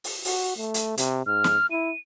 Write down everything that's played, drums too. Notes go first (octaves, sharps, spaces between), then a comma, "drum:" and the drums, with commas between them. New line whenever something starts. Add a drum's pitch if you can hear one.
drum: open hi-hat
F#4, drum: open hi-hat
A3
drum: hi-hat
C3, drum: hi-hat
G#2 F6
drum: snare
E4 D#7